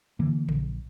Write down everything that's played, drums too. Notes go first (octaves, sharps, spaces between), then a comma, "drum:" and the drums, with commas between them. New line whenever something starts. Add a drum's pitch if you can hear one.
D3 E3 A#3
A#1, drum: tom C#3